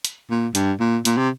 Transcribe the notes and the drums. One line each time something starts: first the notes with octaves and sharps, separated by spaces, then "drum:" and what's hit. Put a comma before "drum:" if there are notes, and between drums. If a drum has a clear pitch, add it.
drum: hi-hat
A#2
G2, drum: hi-hat
A#2
A#2, drum: hi-hat
C3